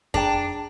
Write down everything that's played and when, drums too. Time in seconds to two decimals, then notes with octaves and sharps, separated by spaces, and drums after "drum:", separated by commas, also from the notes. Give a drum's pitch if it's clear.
0.14 D4 G#4 D5 G5 A#5, drum: kick F2